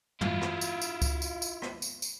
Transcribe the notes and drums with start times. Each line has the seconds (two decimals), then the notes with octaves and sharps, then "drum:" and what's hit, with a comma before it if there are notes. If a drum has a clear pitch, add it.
0.21 E4 F4, drum: tom
0.41 drum: rim click
0.61 drum: tambourine
0.81 drum: tambourine
1.02 drum: kick C#2, tambourine
1.22 drum: tambourine
1.42 drum: tambourine
1.62 drum: rim click
1.82 drum: tambourine
2.02 drum: tambourine